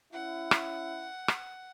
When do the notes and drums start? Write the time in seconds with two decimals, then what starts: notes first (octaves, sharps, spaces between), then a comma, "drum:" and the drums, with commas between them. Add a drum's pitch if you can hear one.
0.13 C#4 E4 F#5
0.51 drum: rim click
1.28 drum: rim click